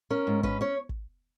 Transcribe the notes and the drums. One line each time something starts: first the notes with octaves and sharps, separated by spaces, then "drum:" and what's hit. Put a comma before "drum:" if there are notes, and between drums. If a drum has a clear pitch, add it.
C#4 A#4
G#2
C#4 B4, drum: kick
C#4 C#5
drum: kick